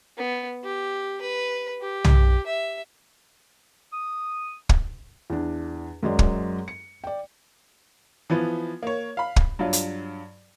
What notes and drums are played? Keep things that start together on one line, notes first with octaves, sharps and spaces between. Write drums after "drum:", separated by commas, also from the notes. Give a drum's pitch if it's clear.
B3
G4
B4
G4
drum: tom
E5
D#6
drum: kick
E2 D4
F#2 F#3 G#3 D5
drum: kick
C#7
D5 G5
E3 F3 B3
A#3 C#5
F5 B5
drum: kick
G2 F#3 F4
drum: hi-hat